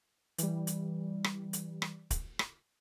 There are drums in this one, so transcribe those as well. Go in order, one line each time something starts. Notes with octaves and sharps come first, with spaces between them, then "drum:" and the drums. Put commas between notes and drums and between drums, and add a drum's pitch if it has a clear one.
E3 G3, drum: hi-hat
drum: hi-hat
drum: rim click
drum: hi-hat
drum: rim click
drum: kick, hi-hat
drum: rim click